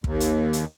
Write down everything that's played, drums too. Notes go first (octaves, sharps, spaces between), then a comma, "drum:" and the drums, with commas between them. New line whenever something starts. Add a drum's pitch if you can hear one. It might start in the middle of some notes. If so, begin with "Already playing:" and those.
D#2, drum: kick
drum: hi-hat
drum: hi-hat